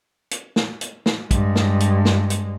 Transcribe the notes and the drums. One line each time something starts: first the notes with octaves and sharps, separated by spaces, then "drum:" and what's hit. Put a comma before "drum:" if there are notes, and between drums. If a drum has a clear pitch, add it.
drum: hi-hat
drum: snare
drum: hi-hat
drum: snare
G2 G#3, drum: kick, hi-hat
drum: snare
drum: hi-hat
drum: snare
drum: hi-hat